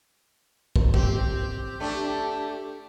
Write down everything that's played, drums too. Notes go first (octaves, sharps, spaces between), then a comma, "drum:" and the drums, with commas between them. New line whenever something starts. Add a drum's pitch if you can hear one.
drum: kick
C4 G4, drum: kick
A3 D4